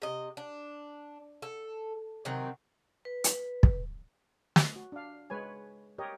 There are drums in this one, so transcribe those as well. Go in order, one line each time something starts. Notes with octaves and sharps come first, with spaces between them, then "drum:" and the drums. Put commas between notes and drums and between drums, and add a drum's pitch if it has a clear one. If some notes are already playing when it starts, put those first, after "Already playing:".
C3 D#5
D4
A4
C3 D#3 F#3 C4
B4
drum: hi-hat
drum: kick
drum: snare
F#4
D4 F5
G#3 B4 C#5 G#5
G4 A#4 C#5 D#5